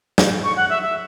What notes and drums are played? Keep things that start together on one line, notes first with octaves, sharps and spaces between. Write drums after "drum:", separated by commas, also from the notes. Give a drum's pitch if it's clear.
drum: snare
C#6
F#5
E5
E5